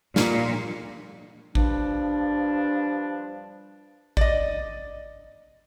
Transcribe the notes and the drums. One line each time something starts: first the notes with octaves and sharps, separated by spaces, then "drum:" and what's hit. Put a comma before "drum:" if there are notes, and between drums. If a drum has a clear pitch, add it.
A#2, drum: snare
G2 F3 G3 D4, drum: kick A1
D5 D#5, drum: kick A1